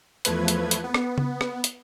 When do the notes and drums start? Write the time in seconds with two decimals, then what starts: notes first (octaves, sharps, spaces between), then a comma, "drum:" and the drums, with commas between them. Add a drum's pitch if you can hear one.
0.25 E2 F3 A3 B4 G#6, drum: hi-hat
0.48 drum: hi-hat
0.71 drum: hi-hat
0.84 B3
0.94 drum: rim click
1.18 drum: tom C#3
1.41 drum: rim click
1.64 drum: hi-hat